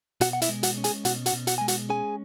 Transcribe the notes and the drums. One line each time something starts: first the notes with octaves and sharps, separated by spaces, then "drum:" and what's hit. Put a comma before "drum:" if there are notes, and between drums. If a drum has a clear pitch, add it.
B2 F#4 F#5, drum: hi-hat
F#5
E4 E5, drum: hi-hat
G#3
F#4 F#5, drum: hi-hat
C#4
G#4 G#5, drum: hi-hat
B2 F#4 F#5, drum: hi-hat
F#4 F#5, drum: hi-hat
B2
F#4 F#5, drum: hi-hat
G#3 G#5
F#4 F#5, drum: hi-hat
C#4 G#4 G#5